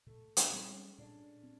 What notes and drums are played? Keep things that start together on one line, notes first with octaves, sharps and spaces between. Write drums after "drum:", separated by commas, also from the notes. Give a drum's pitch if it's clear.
A#2 A3
G#3, drum: hi-hat
G3 C4
C#4
A#2 D4
C4